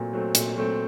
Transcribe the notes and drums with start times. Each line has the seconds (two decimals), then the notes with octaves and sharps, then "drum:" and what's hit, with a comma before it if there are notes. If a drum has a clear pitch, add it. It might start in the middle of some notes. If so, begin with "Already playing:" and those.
Already playing: A#2 F#3 A3 C4
0.13 F#3 A3 C4
0.35 A#2, drum: hi-hat
0.56 F#3 A3 C4